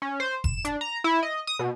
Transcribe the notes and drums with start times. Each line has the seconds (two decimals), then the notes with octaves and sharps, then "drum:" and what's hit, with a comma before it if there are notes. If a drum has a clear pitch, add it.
0.02 C#4
0.20 C5
0.44 E7, drum: kick F1
0.65 D4, drum: hi-hat
0.81 A#5
1.04 E4
1.23 D#5
1.47 D#6
1.59 B2